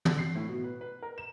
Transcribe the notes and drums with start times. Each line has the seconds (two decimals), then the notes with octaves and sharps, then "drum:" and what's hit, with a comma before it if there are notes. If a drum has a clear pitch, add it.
0.05 D3, drum: tom
0.19 C7
0.35 A2
0.49 B2
0.64 B4
0.81 B4
1.02 A#4
1.18 E7